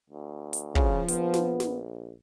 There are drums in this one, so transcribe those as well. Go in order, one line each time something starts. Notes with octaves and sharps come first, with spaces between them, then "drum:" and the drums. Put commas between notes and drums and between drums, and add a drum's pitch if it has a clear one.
D2
drum: hi-hat
C#3 F3, drum: kick
A#1 B3, drum: hi-hat
drum: snare
A#1
drum: snare